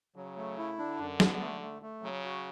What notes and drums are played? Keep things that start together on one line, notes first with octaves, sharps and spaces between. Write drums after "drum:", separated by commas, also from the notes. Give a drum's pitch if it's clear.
C#3 F#3
A3
E4
D3 D4
F#2
B3, drum: snare
A3
A3
A3
C#3 F#3
F#4